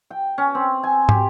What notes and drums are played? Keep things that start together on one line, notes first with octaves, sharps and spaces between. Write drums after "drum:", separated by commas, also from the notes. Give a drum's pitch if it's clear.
G5
C#4
C4
G#5
G4, drum: tom